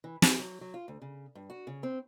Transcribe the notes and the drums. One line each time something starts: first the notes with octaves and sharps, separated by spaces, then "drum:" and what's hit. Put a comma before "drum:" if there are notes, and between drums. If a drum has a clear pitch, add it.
E3
G#4, drum: snare
F#3
F#3
F4
D2
C#3
G2
F#4
C#3
C4